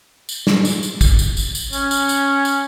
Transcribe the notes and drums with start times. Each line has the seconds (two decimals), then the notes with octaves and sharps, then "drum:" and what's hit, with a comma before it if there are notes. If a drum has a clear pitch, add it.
0.29 drum: tambourine
0.47 drum: snare
0.65 drum: tambourine
0.83 drum: tambourine
1.01 drum: kick, tambourine
1.19 drum: tambourine
1.37 drum: tambourine
1.55 drum: tambourine
1.73 C#4, drum: tambourine
1.91 drum: tambourine
2.09 drum: tambourine
2.45 drum: tambourine